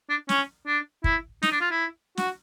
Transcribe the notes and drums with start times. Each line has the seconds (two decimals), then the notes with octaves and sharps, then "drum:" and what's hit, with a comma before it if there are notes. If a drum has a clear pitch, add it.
0.09 D4
0.29 C#4, drum: snare
0.67 D4
1.04 E4, drum: kick
1.43 D#4, drum: snare
1.52 D4
1.61 F4
1.71 E4
2.17 F#4, drum: snare